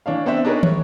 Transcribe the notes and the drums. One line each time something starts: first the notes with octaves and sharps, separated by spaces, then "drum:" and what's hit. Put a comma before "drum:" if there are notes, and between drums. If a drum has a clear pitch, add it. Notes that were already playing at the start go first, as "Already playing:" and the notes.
E3 D4 C#5 F5
B3 C4 D4 C5 E5
D4 D#4 G#4 A#4 B4 C#5
C#5, drum: tom